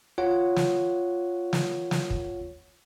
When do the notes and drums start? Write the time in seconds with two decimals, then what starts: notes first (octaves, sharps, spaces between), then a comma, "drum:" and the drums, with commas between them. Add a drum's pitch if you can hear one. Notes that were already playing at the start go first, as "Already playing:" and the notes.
0.18 F4 C#5 F#5
0.56 drum: snare
1.53 drum: snare
1.91 drum: snare
2.10 drum: kick